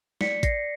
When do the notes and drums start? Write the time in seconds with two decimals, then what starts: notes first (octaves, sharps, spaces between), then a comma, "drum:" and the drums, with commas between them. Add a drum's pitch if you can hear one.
0.21 D5 B6 C#7, drum: snare
0.43 D5 A#6 C7, drum: kick A1, hi-hat